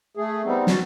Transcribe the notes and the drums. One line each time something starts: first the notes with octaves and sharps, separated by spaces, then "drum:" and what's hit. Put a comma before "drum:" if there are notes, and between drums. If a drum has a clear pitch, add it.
A3 G#4
G3 B3 C4 D#4
C#4 F#4 A5, drum: snare